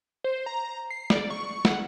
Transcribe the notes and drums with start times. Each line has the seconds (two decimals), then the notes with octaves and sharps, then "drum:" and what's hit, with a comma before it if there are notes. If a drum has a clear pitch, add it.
0.24 C5
0.46 A#5
0.90 C7
1.10 D5, drum: snare
1.30 C#6
1.65 F#5, drum: snare